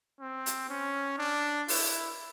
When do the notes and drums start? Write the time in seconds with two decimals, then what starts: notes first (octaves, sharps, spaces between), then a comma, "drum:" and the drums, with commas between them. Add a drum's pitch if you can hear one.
0.20 C4
0.46 drum: hi-hat
0.69 C#4
1.18 D4
1.68 E4, drum: open hi-hat